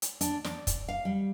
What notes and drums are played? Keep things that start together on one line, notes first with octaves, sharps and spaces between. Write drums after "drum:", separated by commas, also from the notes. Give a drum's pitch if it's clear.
drum: hi-hat
D4, drum: hi-hat
D5, drum: snare
drum: kick, hi-hat
F5
G3